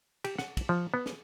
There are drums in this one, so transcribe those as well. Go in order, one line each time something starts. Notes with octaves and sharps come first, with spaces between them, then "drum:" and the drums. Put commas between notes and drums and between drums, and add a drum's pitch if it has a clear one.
G4, drum: cymbal
F#5, drum: snare
drum: kick, cymbal
F3
B3
drum: snare